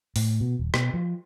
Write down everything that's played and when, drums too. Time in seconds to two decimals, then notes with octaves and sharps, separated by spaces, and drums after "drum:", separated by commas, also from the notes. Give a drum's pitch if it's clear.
0.16 A2, drum: open hi-hat
0.41 B2
0.59 D#1
0.74 B2, drum: rim click
0.94 F3